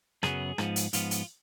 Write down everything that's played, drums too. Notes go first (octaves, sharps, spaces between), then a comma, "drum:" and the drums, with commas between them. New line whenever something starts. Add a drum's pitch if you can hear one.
F#2 C#3 F#3 B3 G#4, drum: rim click
G#2 F3 B3, drum: rim click
drum: hi-hat
G#2 F3 B3 F4, drum: hi-hat
drum: hi-hat